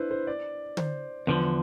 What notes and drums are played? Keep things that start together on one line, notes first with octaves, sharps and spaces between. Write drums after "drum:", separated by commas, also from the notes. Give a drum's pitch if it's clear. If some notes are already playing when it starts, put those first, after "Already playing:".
Already playing: D4 E4 B4 C5
C5
D5
C5, drum: tom D3
E2 D3 F3 B4